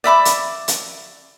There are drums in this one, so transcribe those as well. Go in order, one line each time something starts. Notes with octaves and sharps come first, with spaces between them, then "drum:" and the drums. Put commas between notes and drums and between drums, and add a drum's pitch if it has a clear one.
D5 E5 B5 D6
drum: hi-hat
drum: hi-hat